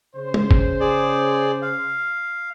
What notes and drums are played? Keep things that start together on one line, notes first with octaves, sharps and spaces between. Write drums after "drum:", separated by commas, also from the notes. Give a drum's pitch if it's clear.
C#3 C5
drum: tom
drum: kick G1
G#4 D5
F5